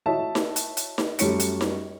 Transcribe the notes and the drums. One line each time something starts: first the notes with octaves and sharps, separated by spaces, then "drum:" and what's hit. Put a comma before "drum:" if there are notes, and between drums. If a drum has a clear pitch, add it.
E4 F#4 C#5 D#5 E5 A5
drum: snare D#4
drum: hi-hat
drum: hi-hat
drum: snare D#4
F#2 G3 A3 C#5 C#7, drum: hi-hat
drum: hi-hat
drum: snare D#4